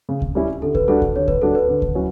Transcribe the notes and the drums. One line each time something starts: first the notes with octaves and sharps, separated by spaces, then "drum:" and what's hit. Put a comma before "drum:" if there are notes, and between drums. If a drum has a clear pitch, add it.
C#3
drum: kick D2
G3 C#4 E4 G4
D3 A4
B4, drum: kick D2
G3 D4 F#4 A4
drum: kick D2
D3 C#5
B4, drum: kick D2
G3 D4 F#4 A4
B4
D3
drum: kick D2
F#3 C#4 E4